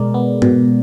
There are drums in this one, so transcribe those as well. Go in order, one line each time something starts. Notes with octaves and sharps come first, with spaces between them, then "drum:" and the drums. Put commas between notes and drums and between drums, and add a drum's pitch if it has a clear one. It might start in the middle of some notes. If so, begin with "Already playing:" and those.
Already playing: B2 G#3 A#4 D5
B3
B2, drum: tom G#2